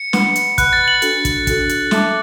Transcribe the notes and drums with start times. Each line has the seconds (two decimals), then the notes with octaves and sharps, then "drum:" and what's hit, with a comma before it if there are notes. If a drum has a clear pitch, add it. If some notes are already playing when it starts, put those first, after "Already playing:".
Already playing: C#7
0.13 B4 F#5 B5, drum: snare
0.36 drum: hi-hat
0.58 B4 F#5 B5 F#6, drum: kick, hi-hat
0.73 A6
0.88 F#7
1.02 D4 F#4 A4 F#7, drum: hi-hat
1.25 drum: kick, hi-hat
1.47 D4 F#4 A4, drum: kick, hi-hat
1.69 drum: hi-hat
1.91 A4 E5 A5 D6, drum: snare